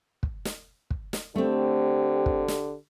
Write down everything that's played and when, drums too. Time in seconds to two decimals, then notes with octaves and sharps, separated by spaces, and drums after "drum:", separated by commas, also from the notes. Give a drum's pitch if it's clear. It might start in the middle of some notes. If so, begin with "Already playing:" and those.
0.23 drum: kick
0.45 drum: snare
0.90 drum: kick
1.13 drum: snare
1.36 D3 A3 C4 G4
2.26 drum: kick
2.48 drum: snare